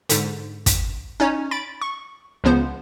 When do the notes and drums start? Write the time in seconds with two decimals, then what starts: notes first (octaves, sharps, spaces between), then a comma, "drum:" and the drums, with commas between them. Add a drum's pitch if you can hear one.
0.09 G#2 D3, drum: hi-hat
0.66 drum: kick, hi-hat
1.20 C#4 D#4 C#5
1.51 B5 A6 D7
1.81 C#6
2.44 C#2 C#3 F3 B3 C5